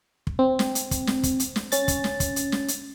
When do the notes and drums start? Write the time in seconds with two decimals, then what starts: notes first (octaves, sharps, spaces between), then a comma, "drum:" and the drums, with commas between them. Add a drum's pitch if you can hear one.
0.27 drum: kick
0.39 C4
0.59 drum: snare
0.75 drum: hi-hat
0.91 drum: kick, hi-hat
1.07 drum: snare
1.23 drum: kick, hi-hat
1.40 drum: hi-hat
1.56 drum: snare
1.72 C#4 A6, drum: hi-hat
1.88 drum: kick, hi-hat
2.04 drum: snare
2.20 drum: kick, hi-hat
2.36 drum: hi-hat
2.52 drum: snare
2.68 drum: hi-hat